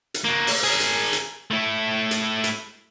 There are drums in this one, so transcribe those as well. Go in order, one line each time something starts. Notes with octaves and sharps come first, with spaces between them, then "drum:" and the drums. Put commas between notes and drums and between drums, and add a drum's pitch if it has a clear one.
drum: hi-hat
A#3 F#4
drum: open hi-hat
G#4 A#4
drum: hi-hat
drum: hi-hat
A3 E4
drum: hi-hat
drum: hi-hat